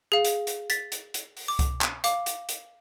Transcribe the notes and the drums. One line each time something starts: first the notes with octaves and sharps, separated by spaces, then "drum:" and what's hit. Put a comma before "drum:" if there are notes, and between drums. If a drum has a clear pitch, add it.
G#4 F5
drum: hi-hat
drum: hi-hat
A6 B6, drum: hi-hat
drum: hi-hat
drum: hi-hat
drum: open hi-hat
D6
drum: kick C2, hi-hat
drum: clap
F5 D6, drum: hi-hat
drum: hi-hat
drum: hi-hat